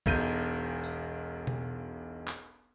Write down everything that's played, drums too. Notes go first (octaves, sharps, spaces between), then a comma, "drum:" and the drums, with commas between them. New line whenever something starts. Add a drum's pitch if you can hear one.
E1 B1 G6 D#7, drum: kick
drum: tambourine
drum: tom B2
drum: clap